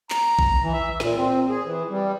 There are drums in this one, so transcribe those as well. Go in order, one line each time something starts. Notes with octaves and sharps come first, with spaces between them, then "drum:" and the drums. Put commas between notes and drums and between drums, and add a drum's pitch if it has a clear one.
A#5, drum: clap
drum: kick A#1
E3
E5
A#2, drum: snare
C4
G#4
E3
G3